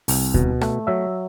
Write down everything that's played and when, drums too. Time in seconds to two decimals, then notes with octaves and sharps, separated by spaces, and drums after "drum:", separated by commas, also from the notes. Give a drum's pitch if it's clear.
0.08 C2, drum: open hi-hat
0.34 B2, drum: kick D2
0.61 A3, drum: rim click
0.87 F#3 E5